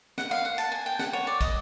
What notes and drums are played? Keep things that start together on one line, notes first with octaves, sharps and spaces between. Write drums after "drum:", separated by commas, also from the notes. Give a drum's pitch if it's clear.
F#5, drum: snare
F5
F#5
A5, drum: tambourine
G#5
G5
F#5, drum: snare
C#5
D5
D#5, drum: kick, tambourine